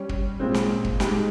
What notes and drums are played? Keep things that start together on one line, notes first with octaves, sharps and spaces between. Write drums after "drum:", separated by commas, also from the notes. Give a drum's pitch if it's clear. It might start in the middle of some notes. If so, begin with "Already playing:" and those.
Already playing: G3 C#4 G4
drum: kick
A#2 G#3 C4
drum: snare
drum: kick
G#3 D#4 G4, drum: snare